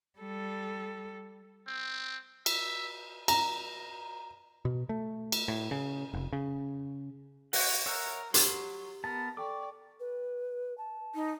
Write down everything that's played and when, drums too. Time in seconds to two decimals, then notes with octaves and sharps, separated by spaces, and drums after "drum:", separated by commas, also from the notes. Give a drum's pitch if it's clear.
0.19 G3 A4
1.67 C4
2.46 E5, drum: cymbal
3.28 A#5, drum: cymbal
4.65 B2
4.89 A3
5.32 drum: cymbal
5.48 A2
5.71 C#3
6.14 F1
6.33 C#3
7.53 F#4 F#5 A#6, drum: open hi-hat
7.86 A#4 C#5 E5 F#5
8.34 F#3 G4 C6, drum: hi-hat
9.04 B3 A#4 A5
9.37 A4 D5 G5 C#6 D6
10.00 B4
10.78 A5
11.15 D#4